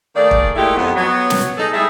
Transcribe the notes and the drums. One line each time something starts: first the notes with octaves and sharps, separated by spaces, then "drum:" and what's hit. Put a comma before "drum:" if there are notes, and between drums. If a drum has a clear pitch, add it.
D#3 A3 A#3 G#4 D5
drum: kick
A#2 G#3 A3 D#4 E4 G4
F2 B3
F#3 B3
drum: snare
D#4 G#4 A4
G3 G#3 E4 G#4 A4 E5